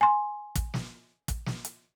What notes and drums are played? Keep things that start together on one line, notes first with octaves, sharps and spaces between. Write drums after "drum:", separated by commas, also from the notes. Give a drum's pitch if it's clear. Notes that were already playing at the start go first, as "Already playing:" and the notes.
G#5 C6
drum: kick, hi-hat
drum: snare
drum: kick, hi-hat
drum: snare
drum: hi-hat